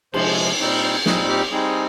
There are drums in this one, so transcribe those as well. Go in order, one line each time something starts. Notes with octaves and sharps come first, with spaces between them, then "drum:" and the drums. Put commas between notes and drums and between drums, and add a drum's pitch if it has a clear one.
C3 F3 G#3 C5, drum: cymbal
A#2 G3 C4 D#4
A#2 G3 C4 D#4 G#4, drum: snare
G4
G3 C4 D#4 G#4